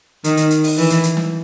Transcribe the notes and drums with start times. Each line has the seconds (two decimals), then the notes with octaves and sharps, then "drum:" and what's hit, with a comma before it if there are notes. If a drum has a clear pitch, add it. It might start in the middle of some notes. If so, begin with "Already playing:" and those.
0.24 D#3, drum: hi-hat
0.37 drum: hi-hat
0.50 drum: hi-hat
0.64 drum: open hi-hat
0.78 E3, drum: open hi-hat
0.90 drum: hi-hat
1.03 drum: hi-hat
1.17 drum: snare